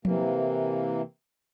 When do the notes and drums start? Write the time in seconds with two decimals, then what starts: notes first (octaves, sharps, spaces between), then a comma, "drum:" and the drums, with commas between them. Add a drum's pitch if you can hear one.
0.05 C3 E3 A#3, drum: tom F3